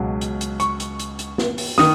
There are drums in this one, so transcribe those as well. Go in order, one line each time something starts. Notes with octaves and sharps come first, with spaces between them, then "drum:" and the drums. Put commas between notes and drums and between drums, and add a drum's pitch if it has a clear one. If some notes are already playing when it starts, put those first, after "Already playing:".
Already playing: C#2 B2 F#3
drum: hi-hat
drum: hi-hat
C#6, drum: hi-hat
drum: hi-hat
drum: hi-hat
drum: hi-hat
drum: snare
drum: open hi-hat
D#3 D#6, drum: snare